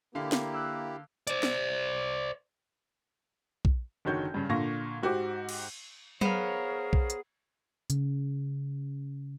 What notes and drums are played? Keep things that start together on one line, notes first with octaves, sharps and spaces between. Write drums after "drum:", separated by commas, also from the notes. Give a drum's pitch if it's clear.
D3 A#3 E4 G4 F5
drum: snare
D6 E6 F#6
C5 D5, drum: hi-hat
drum: snare
drum: kick
F#1 D3 D#3 F#4 C#5 G6
G2 C#3
A#2 D3 F5 C#6 A#6
G#2 F#4 G4 C5 D6
drum: cymbal
B3 G#4 A#4 C5 C#5 F5, drum: tom F#3
drum: kick
drum: hi-hat
C#3, drum: hi-hat